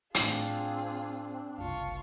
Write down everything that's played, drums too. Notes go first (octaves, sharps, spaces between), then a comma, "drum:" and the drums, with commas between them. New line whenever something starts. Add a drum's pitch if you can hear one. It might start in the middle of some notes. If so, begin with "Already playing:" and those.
A2 B3 C4 D4 F4 G#4, drum: hi-hat
F#1 C2 F4 A5 C#6